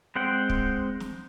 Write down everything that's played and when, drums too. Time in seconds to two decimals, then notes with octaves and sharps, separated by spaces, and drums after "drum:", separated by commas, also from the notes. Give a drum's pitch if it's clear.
0.16 G#3 C4 F#5 G5
0.49 drum: kick
1.00 drum: snare